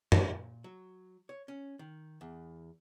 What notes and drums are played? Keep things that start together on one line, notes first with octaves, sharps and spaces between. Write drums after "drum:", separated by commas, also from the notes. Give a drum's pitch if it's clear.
A#2, drum: tom
F#3
C#5
C#4
D#3
E2